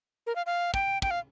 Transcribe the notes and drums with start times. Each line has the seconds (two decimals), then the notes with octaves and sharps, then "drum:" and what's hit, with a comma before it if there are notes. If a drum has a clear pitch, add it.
0.27 A#4
0.36 F5
0.46 F5
0.74 G5, drum: kick
1.02 G5, drum: kick
1.11 F5